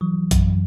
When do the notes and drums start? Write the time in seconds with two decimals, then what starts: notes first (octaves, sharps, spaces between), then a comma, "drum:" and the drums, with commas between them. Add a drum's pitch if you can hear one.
0.01 E3 F#3
0.31 F#2, drum: kick A#1, hi-hat